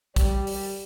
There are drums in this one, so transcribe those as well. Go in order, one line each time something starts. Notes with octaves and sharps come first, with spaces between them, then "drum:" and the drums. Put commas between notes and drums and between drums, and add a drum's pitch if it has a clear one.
G3, drum: kick, hi-hat
drum: open hi-hat